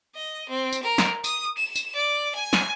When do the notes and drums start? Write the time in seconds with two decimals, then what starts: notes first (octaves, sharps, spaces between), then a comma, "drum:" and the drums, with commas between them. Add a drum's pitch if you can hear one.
0.15 D#5
0.48 C4
0.73 drum: tambourine
0.83 A#4
0.98 drum: snare
1.24 D#6, drum: tambourine
1.57 E7
1.76 drum: tambourine
1.95 D5
2.35 G#5
2.53 drum: snare